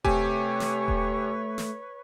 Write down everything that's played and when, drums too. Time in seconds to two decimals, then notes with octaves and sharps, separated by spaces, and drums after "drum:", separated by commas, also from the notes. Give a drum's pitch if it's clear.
0.04 C3 A3 G4 B4 C#5 G#5 C#6, drum: kick D#1
0.60 drum: snare
0.88 drum: kick D#1
1.58 drum: snare